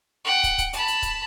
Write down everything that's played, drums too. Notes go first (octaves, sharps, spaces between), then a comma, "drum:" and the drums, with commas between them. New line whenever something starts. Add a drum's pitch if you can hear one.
F#5 G5
drum: kick, hi-hat
drum: kick, hi-hat
A5 B5, drum: hi-hat
drum: hi-hat
drum: kick, hi-hat